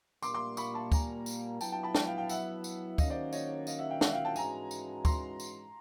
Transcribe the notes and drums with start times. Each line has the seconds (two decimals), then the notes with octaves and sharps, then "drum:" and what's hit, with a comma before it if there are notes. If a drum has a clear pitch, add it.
0.23 A#2 G3 A#3 C6 D6, drum: tambourine
0.34 C6 D6
0.57 B5 C#6, drum: tambourine
0.74 A5 B5
0.92 G#5 A#5, drum: kick, tambourine
1.26 drum: tambourine
1.61 F#3 B3 E4 G5 A5, drum: tambourine
1.72 G5 A5
1.83 A5 B5
1.95 G5 A5, drum: snare
2.07 F5 G5
2.18 F5 G5
2.29 E5 F#5, drum: tambourine
2.64 drum: tambourine
2.98 D#3 F#3 A#3 C#4 D#5 F5, drum: kick, tambourine
3.10 C5 D5
3.33 C#5 D#5, drum: tambourine
3.67 D#5 F5, drum: tambourine
3.79 E5 F#5
3.90 F5 G5
4.01 E5 F#5, drum: snare
4.13 F5 G5
4.25 G5 A5
4.36 G#2 E3 G#3 C#4 F#4 G#5 A#5, drum: tambourine
4.71 drum: tambourine
5.05 A#5 C6, drum: kick, tambourine
5.40 drum: tambourine